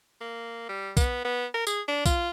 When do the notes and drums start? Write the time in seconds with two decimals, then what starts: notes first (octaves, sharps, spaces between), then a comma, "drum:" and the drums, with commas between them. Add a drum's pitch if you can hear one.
0.21 A#3
0.69 G3
0.97 B3, drum: kick, tambourine
1.25 B3
1.54 A#4
1.67 G#4, drum: tambourine
1.88 D4
2.06 F4, drum: kick, tambourine